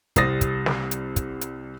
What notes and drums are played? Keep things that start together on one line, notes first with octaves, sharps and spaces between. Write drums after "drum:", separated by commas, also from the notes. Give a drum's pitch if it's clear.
C2 G3 C5 D#6 A6 A#6, drum: kick, hi-hat
drum: kick, hi-hat
drum: snare
drum: hi-hat
drum: kick, hi-hat
drum: hi-hat